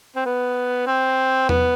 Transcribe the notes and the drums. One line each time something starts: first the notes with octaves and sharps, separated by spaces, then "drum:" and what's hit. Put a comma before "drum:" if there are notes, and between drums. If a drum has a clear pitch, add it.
C4
B3
C4
B3, drum: tom E2